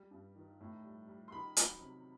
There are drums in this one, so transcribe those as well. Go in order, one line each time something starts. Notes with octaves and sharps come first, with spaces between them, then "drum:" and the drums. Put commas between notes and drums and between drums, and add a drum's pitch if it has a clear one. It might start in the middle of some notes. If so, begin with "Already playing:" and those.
Already playing: G3
G2
D#3
A2
G3
G3
C6
D#3 B5
F#3, drum: hi-hat
C3